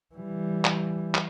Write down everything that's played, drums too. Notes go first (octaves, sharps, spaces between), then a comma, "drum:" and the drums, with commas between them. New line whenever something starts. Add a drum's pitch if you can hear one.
E3 G3
drum: clap
drum: clap